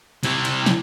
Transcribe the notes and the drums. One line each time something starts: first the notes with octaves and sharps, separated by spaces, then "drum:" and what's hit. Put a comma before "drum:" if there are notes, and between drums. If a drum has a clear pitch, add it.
C3 E4, drum: cymbal
drum: cymbal
drum: snare